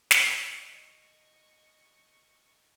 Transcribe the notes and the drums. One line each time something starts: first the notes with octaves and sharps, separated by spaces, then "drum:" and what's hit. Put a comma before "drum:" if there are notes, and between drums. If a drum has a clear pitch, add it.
drum: snare
D#5 C#6